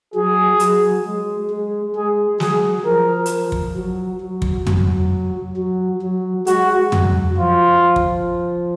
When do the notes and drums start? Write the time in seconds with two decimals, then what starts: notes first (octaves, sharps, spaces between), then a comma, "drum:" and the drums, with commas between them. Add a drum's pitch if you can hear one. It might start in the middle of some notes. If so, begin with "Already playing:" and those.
0.14 F#3 G#4
0.60 F#3, drum: hi-hat
1.05 G#3
1.50 G#3
1.95 G#3 G#4
2.40 F#3 G#4, drum: snare
2.85 F3 A#4
3.26 drum: hi-hat
3.52 drum: kick
3.76 F#3
4.21 F#3
4.42 drum: kick
4.67 F#3, drum: tom
5.57 F#3
6.02 F#3
6.47 G#3 F#4, drum: hi-hat
6.92 F#3, drum: tom
7.37 F3 F4
7.96 drum: kick